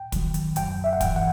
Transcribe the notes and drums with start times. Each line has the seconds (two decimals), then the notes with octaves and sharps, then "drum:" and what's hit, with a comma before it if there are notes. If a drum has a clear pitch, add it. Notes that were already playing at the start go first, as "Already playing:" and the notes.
Already playing: G5
0.12 D#2 D#3 F#3, drum: kick, hi-hat
0.34 drum: hi-hat
0.56 G1 F#2 F#3 G5, drum: hi-hat
0.84 E5
0.93 F#5
1.01 A1 G2 E3 G5, drum: kick, hi-hat
1.16 F#5